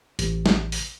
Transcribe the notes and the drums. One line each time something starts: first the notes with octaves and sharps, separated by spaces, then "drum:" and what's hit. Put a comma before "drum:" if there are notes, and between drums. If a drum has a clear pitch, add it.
A1, drum: hi-hat
drum: snare
drum: open hi-hat